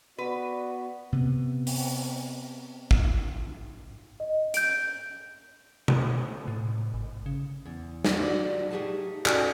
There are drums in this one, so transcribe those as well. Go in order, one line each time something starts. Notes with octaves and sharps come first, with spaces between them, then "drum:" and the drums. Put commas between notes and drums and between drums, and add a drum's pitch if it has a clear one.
B3 F#4 B4 D5
C3 B3
drum: open hi-hat
drum: kick
D#5
G6 D7, drum: hi-hat
drum: tom B2
A2
G#1
C#3
E2
drum: snare
F#4 D5
A3 D#4 G4 G#4 F#5 A5
C#4 D#4 F#4 A4 D5 G#5, drum: clap